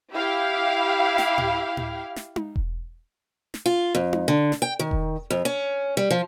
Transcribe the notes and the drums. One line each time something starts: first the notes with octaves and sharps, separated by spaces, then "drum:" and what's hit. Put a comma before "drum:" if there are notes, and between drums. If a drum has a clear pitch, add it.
E4 G4 F5
drum: snare
drum: tom A2
drum: tom A2
drum: snare
drum: tom D#4
drum: kick E1
drum: snare
F4
F2
drum: tom D#4
D3
drum: snare
G5
D#3
drum: kick E1
F2
C#4
G3
F3